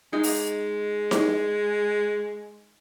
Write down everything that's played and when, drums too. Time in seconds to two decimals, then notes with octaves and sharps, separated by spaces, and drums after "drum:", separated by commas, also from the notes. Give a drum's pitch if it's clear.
0.13 G#3 D#4
0.24 drum: open hi-hat
1.11 drum: snare D#4